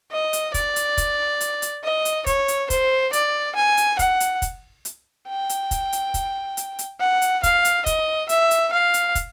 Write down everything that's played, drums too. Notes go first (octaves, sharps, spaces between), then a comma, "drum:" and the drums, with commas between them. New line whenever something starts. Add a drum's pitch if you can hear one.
D#5
drum: hi-hat
D5, drum: kick, hi-hat
drum: hi-hat
drum: kick, hi-hat
drum: hi-hat
drum: hi-hat
D#5
drum: hi-hat
C#5, drum: kick, hi-hat
drum: hi-hat
C5, drum: kick, hi-hat
D5, drum: hi-hat
G#5
drum: hi-hat
F#5, drum: kick, hi-hat
drum: hi-hat
drum: kick, hi-hat
drum: hi-hat
G5
drum: hi-hat
drum: kick, hi-hat
drum: hi-hat
drum: kick, hi-hat
drum: hi-hat
drum: hi-hat
F#5
drum: hi-hat
F5, drum: kick, hi-hat
drum: hi-hat
D#5, drum: kick, hi-hat
E5, drum: hi-hat
drum: hi-hat
F5
drum: hi-hat
drum: kick, hi-hat